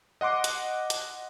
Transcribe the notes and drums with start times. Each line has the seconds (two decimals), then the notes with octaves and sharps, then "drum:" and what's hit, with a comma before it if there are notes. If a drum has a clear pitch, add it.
0.21 D#5 F#5 C6 D6
0.44 drum: hi-hat
0.90 drum: hi-hat